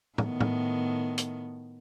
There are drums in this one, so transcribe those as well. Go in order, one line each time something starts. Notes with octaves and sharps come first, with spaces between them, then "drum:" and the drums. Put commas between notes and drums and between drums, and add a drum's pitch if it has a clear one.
A2 D#3 B3, drum: tom
drum: tom
drum: hi-hat